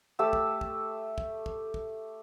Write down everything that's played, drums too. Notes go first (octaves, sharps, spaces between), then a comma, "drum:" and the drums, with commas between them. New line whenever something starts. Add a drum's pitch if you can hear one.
A3 G4 A5 E6
drum: kick
drum: kick
drum: kick
drum: kick
drum: kick